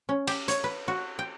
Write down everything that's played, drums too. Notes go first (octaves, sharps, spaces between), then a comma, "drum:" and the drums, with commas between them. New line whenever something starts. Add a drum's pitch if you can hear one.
C#4
G4, drum: cymbal
C#5, drum: hi-hat
B4
F#4
G5